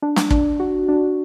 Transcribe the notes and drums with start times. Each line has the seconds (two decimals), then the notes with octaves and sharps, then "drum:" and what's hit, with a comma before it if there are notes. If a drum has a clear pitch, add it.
0.02 D4
0.16 drum: snare
0.31 D4, drum: kick
0.60 F#4
0.88 D4